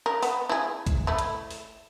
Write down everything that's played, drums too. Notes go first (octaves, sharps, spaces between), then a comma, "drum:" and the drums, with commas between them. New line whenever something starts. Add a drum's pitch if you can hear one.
A#4
B3, drum: open hi-hat
E4 G#4
drum: kick, hi-hat
A3 E4
drum: hi-hat
drum: open hi-hat